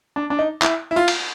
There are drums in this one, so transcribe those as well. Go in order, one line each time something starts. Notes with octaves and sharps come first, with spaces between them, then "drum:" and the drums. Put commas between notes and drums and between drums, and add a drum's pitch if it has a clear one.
D4
D4
D#4
E4, drum: clap
E4
F4
drum: cymbal